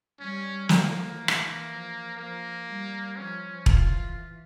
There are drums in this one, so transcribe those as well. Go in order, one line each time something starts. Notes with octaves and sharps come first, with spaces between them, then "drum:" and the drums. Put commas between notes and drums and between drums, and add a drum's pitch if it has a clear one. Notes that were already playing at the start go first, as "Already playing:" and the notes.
G3 C#4
F3 A#3, drum: snare
E3
drum: rim click
F3
F3 A#3
G3
F3 C#4
E3 F4, drum: kick E1